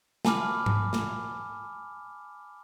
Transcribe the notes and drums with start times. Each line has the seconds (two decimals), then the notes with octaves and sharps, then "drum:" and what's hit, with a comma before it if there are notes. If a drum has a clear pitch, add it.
0.25 G#5 A5 B5 D6 F6, drum: snare
0.66 drum: tom G#2
0.93 drum: snare